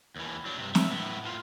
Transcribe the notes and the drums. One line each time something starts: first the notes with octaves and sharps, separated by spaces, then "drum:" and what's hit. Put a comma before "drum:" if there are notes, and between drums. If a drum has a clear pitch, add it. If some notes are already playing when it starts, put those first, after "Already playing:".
D#2 E3
F#3 D4
G2 C3
C#2 E5, drum: snare
A2 B3
A2 F4